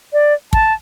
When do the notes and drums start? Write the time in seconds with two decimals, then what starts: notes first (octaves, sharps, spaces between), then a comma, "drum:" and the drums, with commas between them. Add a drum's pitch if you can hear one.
0.13 D5
0.53 A5, drum: kick